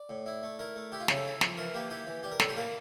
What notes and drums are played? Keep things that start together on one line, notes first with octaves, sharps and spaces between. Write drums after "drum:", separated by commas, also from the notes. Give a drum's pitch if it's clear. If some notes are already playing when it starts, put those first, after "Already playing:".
Already playing: D5
A2
E4
A3
E4 A#4
A3
E4 G4
F4
C#3 G4, drum: snare
A4
E4
F3, drum: snare
E3 A#4
A#3 G4
E4 G4
E3
G3 G4
A#4
A2 A4, drum: snare
G4
A#3 A#4